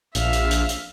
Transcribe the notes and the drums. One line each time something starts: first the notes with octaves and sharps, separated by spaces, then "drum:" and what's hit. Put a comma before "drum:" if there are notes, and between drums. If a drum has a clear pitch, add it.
A#1 E5 F5, drum: hi-hat
drum: hi-hat
drum: hi-hat
drum: hi-hat